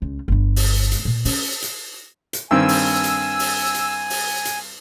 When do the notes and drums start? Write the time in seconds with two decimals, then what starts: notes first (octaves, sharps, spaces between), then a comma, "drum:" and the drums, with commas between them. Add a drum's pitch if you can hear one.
0.02 C#2
0.28 G1 G2
0.56 drum: open hi-hat
0.92 drum: hi-hat
1.05 A#2
1.25 C#4, drum: open hi-hat
1.62 drum: hi-hat
2.33 drum: hi-hat
2.51 G2 D#3 C4 G#5 E6
2.69 drum: open hi-hat
3.04 drum: hi-hat
3.39 drum: open hi-hat
3.75 drum: hi-hat
4.10 drum: open hi-hat
4.45 drum: hi-hat